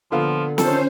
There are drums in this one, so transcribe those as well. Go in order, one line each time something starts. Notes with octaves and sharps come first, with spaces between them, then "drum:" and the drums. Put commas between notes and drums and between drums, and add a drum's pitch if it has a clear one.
A#2 D3 F3 B3 F5
D#3 F3 C#4 A4 C5, drum: snare